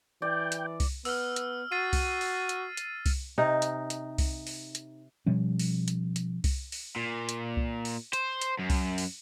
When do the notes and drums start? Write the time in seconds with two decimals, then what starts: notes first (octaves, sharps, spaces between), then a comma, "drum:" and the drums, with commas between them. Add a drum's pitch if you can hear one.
0.22 E3 D5 G5
0.52 drum: hi-hat
0.80 drum: kick C2, open hi-hat
1.05 B3 E6 F6, drum: open hi-hat
1.36 drum: hi-hat
1.72 F#4 A6 C7 D#7
1.93 drum: kick C2, open hi-hat
2.21 drum: open hi-hat
2.49 drum: hi-hat
2.77 drum: hi-hat
3.06 drum: kick C2, open hi-hat
3.38 C3 D#4
3.62 drum: hi-hat
3.90 drum: hi-hat
4.18 drum: kick C2, open hi-hat
4.47 drum: open hi-hat
4.75 drum: hi-hat
5.26 B2 F3 G3 C#4
5.59 drum: open hi-hat
5.88 drum: hi-hat
6.16 drum: hi-hat
6.44 drum: kick C2, open hi-hat
6.72 drum: open hi-hat
6.96 A#2
7.29 drum: hi-hat
7.57 drum: kick C2
7.85 drum: open hi-hat
8.13 C5, drum: hi-hat
8.41 drum: hi-hat
8.59 F#2
8.70 drum: kick C2, open hi-hat
8.98 drum: open hi-hat